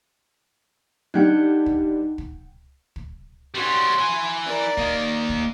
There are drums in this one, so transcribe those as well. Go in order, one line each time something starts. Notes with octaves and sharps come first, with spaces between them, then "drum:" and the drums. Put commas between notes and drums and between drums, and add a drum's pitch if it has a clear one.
D3 G3 D#4 F#5 G5 F#6
drum: kick
drum: kick
drum: kick
G3 C#4 F#4 C6
E4 G#5
A#4 D5
A#3 D#4, drum: kick
drum: kick